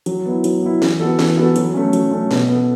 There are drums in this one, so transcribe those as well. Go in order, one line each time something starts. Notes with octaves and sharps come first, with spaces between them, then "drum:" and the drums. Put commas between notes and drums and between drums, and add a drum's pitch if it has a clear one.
F#3, drum: hi-hat
B3 E4
F#3, drum: hi-hat
B3 E4
E3, drum: snare
B3 F#4 A4
E3, drum: snare
B3 F#4 A4
F#3, drum: hi-hat
A3 C#4
F#3, drum: hi-hat
A3 C#4
B2, drum: snare
B3 A4